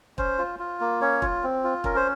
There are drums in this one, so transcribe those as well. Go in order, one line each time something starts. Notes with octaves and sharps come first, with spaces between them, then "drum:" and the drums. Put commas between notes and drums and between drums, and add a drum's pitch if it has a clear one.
C#4 C5, drum: kick
F4
F4
A#3
C#4 C#5
F4, drum: kick
C4
F4
C#4 A#4, drum: kick
C5